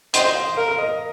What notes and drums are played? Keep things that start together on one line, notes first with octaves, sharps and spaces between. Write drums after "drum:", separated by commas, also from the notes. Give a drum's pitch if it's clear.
C5 D#5, drum: hi-hat
F5
A#4 F5
D#5